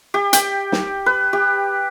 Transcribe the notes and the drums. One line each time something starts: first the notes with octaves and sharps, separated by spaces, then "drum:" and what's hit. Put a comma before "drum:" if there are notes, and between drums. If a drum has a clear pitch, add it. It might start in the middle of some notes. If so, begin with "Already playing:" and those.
G4
G5, drum: hi-hat
drum: snare
B4
G4